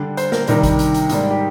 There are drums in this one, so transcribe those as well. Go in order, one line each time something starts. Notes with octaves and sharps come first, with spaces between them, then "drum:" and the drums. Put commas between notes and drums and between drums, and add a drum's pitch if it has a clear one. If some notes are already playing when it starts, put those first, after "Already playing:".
Already playing: D3 G3 D4
C5, drum: hi-hat
A#4, drum: snare
C3 D#3 G3 D4 A#4, drum: hi-hat
drum: kick A1, hi-hat
drum: hi-hat
drum: hi-hat
G#2 G3 A#3 D4, drum: hi-hat
G4